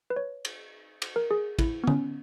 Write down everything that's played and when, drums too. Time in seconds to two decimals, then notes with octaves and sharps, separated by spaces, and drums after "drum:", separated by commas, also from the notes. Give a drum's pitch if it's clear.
0.10 B4
0.16 C#5
0.45 drum: cymbal
1.02 drum: cymbal
1.16 A#4
1.31 G#4
1.59 E4, drum: kick, cymbal
1.84 B3
1.87 C#4, drum: tom